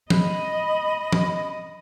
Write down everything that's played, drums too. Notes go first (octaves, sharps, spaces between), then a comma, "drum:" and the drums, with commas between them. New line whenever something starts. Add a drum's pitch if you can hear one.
D#5 B5, drum: tom
drum: tom